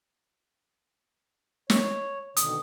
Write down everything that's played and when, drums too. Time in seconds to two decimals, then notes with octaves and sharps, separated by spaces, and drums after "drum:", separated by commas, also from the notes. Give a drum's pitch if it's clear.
1.70 C#5, drum: snare
2.37 B2 D3 D#3 D#6, drum: hi-hat